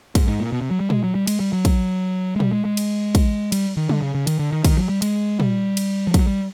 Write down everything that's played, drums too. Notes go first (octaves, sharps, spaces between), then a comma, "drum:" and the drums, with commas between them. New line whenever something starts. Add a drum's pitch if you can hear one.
G#2, drum: kick, cymbal
G#2
A#2
B2
C3
F#3
G3
G#3, drum: tom A#2
F#3
G3
G#3, drum: cymbal
G3
F#3
drum: kick, cymbal
G#3
G3, drum: tom A#2
G#3
G#3
drum: cymbal
drum: kick, cymbal
G3, drum: cymbal
D#3
D3, drum: tom F#3
C#3
C#3
D#3, drum: cymbal
D3
D#3
D#3, drum: kick, cymbal
F#3
G3
G#3, drum: cymbal
G3, drum: tom A#2
drum: cymbal
F3
F#3, drum: kick, cymbal
G3